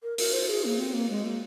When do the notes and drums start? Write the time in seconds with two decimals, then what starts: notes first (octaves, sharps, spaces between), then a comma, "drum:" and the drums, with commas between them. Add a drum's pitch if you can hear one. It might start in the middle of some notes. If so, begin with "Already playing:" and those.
0.03 A#4
0.18 A#4, drum: open hi-hat
0.33 C5
0.49 G#4
0.64 A#3
0.79 C4
0.94 A#3
1.10 G#3
1.25 A#3